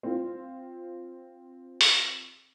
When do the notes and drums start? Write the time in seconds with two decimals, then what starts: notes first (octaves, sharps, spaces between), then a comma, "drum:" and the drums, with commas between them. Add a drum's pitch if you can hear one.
0.03 C4 F4
1.81 drum: open hi-hat